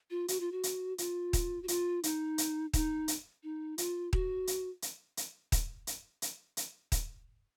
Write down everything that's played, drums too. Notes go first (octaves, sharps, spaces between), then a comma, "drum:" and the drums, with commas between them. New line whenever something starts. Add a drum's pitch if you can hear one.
F4
F#4, drum: hi-hat
F4
F#4
drum: hi-hat
F4, drum: hi-hat
drum: kick D#1, hi-hat
F#4
F4, drum: hi-hat
D#4, drum: hi-hat
drum: hi-hat
D#4, drum: kick D#1, hi-hat
drum: hi-hat
D#4
F4, drum: hi-hat
F#4, drum: kick D#1
drum: hi-hat
drum: hi-hat
drum: hi-hat
drum: kick D#1, hi-hat
drum: hi-hat
drum: hi-hat
drum: hi-hat
drum: kick D#1, hi-hat